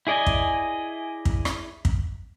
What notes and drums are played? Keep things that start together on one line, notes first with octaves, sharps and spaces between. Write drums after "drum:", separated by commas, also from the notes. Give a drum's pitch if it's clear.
E4 G#4 D5 D#5 G#5
drum: kick
drum: kick
drum: rim click
drum: kick